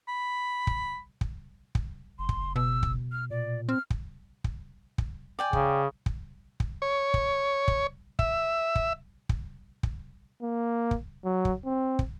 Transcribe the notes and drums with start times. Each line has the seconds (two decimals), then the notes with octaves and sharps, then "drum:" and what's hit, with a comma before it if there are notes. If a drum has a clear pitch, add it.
0.08 B5
0.67 drum: kick
1.21 drum: kick
1.75 drum: kick
2.19 F#1 C6
2.29 drum: kick
2.56 B2 E6
2.83 drum: kick
3.12 F6
3.30 A#2 D5
3.69 C4 F6
3.90 drum: kick
4.44 drum: kick
4.98 drum: kick
5.39 D5 G5 G#5
5.53 C#3, drum: kick
6.06 drum: kick
6.60 drum: kick
6.82 C#5
7.14 drum: kick
7.68 drum: kick
8.19 E5, drum: kick
8.75 drum: kick
9.29 drum: kick
9.83 drum: kick
10.42 A#3
10.91 drum: kick
11.25 F#3
11.45 drum: kick
11.65 C4
11.99 drum: kick